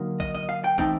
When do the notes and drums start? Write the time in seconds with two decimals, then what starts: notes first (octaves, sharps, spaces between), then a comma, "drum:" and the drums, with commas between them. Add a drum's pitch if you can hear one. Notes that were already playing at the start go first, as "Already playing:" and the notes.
Already playing: D3 F#3 A#3 D#4
0.20 D#5, drum: kick
0.35 D#5
0.49 F5
0.64 G5
0.78 E3 A3 C4 D#4 G5, drum: kick